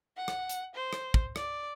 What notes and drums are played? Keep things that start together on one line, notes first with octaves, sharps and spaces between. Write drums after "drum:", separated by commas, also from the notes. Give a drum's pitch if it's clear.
F#5
drum: rim click
drum: hi-hat
C5
drum: rim click
drum: kick
D5, drum: rim click